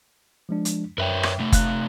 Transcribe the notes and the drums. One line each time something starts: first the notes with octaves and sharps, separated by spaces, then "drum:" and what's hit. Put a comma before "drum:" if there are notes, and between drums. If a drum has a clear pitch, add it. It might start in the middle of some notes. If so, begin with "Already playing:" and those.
F3 G#3 D4
drum: hi-hat
F#2 A#4 B4 C#5 E5 G5
drum: rim click
C3 A3
F5 F#6, drum: kick F#1, hi-hat